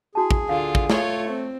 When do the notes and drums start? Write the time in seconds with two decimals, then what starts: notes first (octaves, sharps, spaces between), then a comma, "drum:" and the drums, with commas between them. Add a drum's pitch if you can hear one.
0.15 E4 F#4 G#4 A5
0.31 drum: kick
0.49 D3 F4 F5
0.75 drum: kick
0.90 A3 F4 C#5 D6 D#6, drum: snare
1.28 C4